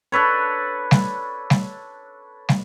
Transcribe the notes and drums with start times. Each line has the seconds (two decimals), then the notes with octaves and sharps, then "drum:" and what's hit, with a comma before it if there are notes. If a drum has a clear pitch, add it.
0.12 D4 A4 B4 C#5
0.91 drum: snare
1.50 drum: snare
2.49 drum: snare